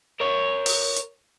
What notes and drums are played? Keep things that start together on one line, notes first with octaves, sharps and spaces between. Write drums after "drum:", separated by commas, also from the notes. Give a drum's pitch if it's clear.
A#4 C#5
drum: open hi-hat
drum: hi-hat